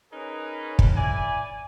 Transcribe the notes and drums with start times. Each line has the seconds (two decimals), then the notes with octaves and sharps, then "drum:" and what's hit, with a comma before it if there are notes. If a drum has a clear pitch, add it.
0.13 C#4 D#4 G#4 A#4 B4
0.79 drum: kick
0.96 E4 D5 G#5